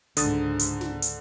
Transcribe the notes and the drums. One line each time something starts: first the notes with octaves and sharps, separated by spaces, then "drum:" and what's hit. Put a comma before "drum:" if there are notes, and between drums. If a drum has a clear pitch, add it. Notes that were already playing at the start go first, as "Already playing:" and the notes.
C#2 G#2 D3 D#6 A6, drum: hi-hat
drum: hi-hat
drum: snare
drum: hi-hat